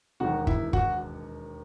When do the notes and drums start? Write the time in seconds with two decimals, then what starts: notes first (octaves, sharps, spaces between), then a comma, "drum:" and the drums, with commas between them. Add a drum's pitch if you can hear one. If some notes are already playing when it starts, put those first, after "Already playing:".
0.20 E1 D#2 D#3 F#4
0.47 E4, drum: kick
0.73 F#4, drum: kick